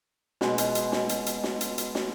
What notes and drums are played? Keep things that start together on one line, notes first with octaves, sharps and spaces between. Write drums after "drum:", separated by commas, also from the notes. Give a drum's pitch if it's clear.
B2 G#3, drum: snare
drum: hi-hat
drum: hi-hat
drum: snare
drum: hi-hat
drum: hi-hat
drum: snare
drum: hi-hat
drum: hi-hat
drum: snare